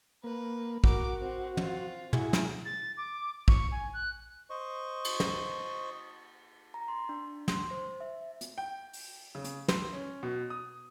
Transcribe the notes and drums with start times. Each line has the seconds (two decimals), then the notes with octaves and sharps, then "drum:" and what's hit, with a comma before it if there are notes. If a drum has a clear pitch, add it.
0.24 A#3 B4
0.84 F#4 A#4 D6, drum: kick
1.20 C4
1.57 C4 F4, drum: tom
2.13 E4 F#4 G#4, drum: tom
2.33 drum: snare
2.65 A6
2.97 D6
3.48 C#6, drum: kick
3.72 G#5
3.93 F#6
4.50 C5 D#5 C#6
5.05 drum: cymbal
5.20 drum: snare
6.74 A#5
6.88 C6
7.09 D4
7.48 C6, drum: snare
7.71 C5
8.00 E5
8.41 drum: hi-hat
8.58 G5
8.93 drum: open hi-hat
9.35 C#3
9.45 drum: hi-hat
9.68 C6, drum: snare
9.93 C#4
10.23 B2
10.50 D#6